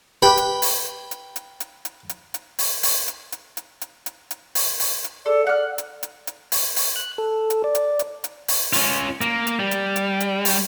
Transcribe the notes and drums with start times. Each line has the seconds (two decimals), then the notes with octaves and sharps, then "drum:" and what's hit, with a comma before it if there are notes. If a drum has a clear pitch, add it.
0.22 G4 B4 G5 B5
0.37 drum: hi-hat
0.62 drum: open hi-hat
1.11 drum: hi-hat
1.36 drum: hi-hat
1.60 drum: hi-hat
1.85 drum: hi-hat
2.09 drum: hi-hat
2.34 drum: hi-hat
2.59 drum: open hi-hat
2.83 drum: open hi-hat
3.08 drum: hi-hat
3.32 drum: hi-hat
3.57 drum: hi-hat
3.81 drum: hi-hat
4.06 drum: hi-hat
4.31 drum: hi-hat
4.55 drum: open hi-hat
4.80 drum: open hi-hat
5.04 drum: hi-hat
5.26 A4 D5
5.47 D5 F#5 F6
5.78 drum: hi-hat
6.03 drum: hi-hat
6.27 drum: hi-hat
6.52 drum: open hi-hat
6.76 drum: open hi-hat
6.96 F#6
7.18 A4
7.50 drum: hi-hat
7.64 D5
7.75 drum: hi-hat
7.99 drum: hi-hat
8.24 drum: hi-hat
8.48 drum: open hi-hat
8.73 C#4 F4, drum: open hi-hat
9.21 A#3, drum: hi-hat
9.47 drum: hi-hat
9.60 G3
9.71 drum: hi-hat
9.96 drum: hi-hat
10.20 drum: hi-hat
10.45 drum: open hi-hat